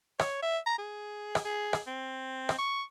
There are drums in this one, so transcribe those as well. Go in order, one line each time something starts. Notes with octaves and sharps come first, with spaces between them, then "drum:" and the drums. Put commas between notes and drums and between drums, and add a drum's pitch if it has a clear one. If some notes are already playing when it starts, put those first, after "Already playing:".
C#5, drum: rim click
E5
A#5
G#4
drum: rim click
G#4
drum: rim click
C4
drum: rim click
C#6